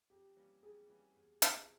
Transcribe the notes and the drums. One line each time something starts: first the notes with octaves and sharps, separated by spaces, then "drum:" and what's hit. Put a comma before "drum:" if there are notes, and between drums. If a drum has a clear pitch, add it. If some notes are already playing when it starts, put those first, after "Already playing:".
F2 G4
E3 G3 A#3 C#4
F2 G#4
E3 G3 A#3 C#4
E2
C3 F3 C4 E4, drum: hi-hat